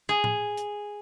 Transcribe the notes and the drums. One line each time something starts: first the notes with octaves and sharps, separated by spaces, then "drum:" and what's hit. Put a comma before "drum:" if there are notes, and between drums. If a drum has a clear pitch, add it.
G#4
drum: tom A2
drum: hi-hat